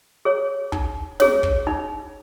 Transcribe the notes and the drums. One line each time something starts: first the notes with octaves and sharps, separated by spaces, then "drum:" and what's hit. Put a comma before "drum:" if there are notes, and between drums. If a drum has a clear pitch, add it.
G#4 C#5
D#4, drum: kick
G#4 C#5, drum: snare
drum: kick
D#4